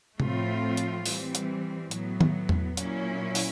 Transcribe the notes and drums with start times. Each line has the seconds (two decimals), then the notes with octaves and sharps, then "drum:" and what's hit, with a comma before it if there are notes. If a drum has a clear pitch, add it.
0.20 A2 F3 A3 C4 F4, drum: tom C3
0.77 drum: hi-hat
1.06 E3 G3 C4, drum: open hi-hat
1.35 drum: hi-hat
1.91 A2 F#3 B3, drum: hi-hat
2.21 drum: tom D#3
2.49 drum: tom E2
2.77 A#2 F#3 A#3 C#4 E4, drum: hi-hat
3.35 drum: open hi-hat